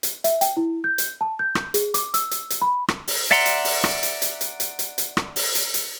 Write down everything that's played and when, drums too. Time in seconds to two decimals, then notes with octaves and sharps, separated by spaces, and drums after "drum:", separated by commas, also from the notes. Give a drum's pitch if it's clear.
0.03 drum: hi-hat
0.24 E5, drum: hi-hat
0.41 G5, drum: hi-hat
0.57 E4
0.84 G6
0.98 drum: hi-hat
1.21 A5
1.39 G6
1.55 drum: rim click
1.74 G#4, drum: hi-hat
1.94 D6, drum: hi-hat
2.14 E6, drum: hi-hat
2.31 drum: hi-hat
2.50 drum: hi-hat
2.62 B5
2.88 drum: rim click
3.07 drum: open hi-hat
3.31 D5 E5 F#5 A#5 C6
3.46 drum: hi-hat
3.65 drum: open hi-hat
3.84 drum: rim click
4.03 drum: hi-hat
4.22 drum: hi-hat
4.41 drum: hi-hat
4.60 drum: hi-hat
4.79 drum: hi-hat
4.98 drum: hi-hat
5.17 drum: rim click
5.36 drum: open hi-hat
5.55 drum: hi-hat
5.74 drum: hi-hat